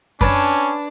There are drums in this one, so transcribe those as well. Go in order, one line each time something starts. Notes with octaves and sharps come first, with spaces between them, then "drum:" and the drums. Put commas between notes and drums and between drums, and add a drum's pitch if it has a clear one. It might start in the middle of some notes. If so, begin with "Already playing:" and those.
C#4 D4 B4 C#5 A5, drum: kick F#2